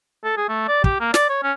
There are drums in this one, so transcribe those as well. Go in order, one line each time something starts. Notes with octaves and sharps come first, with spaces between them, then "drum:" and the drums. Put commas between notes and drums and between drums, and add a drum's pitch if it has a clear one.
A4
G#4
A3
D5
G4, drum: kick
A#3
D5, drum: snare
C#5
C#4